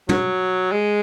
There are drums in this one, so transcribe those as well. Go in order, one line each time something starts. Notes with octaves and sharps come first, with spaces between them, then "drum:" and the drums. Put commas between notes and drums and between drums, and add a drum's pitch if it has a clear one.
F#3, drum: tom
G#3